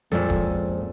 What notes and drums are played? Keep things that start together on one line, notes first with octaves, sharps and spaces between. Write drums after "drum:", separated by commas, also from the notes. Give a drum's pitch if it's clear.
F2 A#2 G#3 C#4 A4
drum: kick